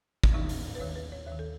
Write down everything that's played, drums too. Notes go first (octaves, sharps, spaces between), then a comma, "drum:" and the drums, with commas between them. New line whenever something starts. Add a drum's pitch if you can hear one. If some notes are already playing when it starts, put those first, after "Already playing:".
drum: kick
D#2 D#3 D#4
drum: open hi-hat
B4
D#2 D#3 C#5
B4
C#5
D#2 C#5
D#3
A4